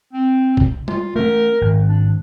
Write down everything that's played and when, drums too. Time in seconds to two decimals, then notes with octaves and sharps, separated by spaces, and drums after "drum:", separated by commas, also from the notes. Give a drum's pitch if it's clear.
0.13 C4
0.57 drum: kick
0.88 F4, drum: tom G3
1.16 A3 C#4 A#4
1.61 G#1
1.88 D4